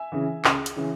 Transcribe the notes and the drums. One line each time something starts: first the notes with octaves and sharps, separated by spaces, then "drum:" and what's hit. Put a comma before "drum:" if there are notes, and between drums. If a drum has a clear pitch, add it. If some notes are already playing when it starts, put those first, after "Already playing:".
Already playing: E5 G#5
C#3 E3
C#2, drum: clap
drum: hi-hat
C#3 E3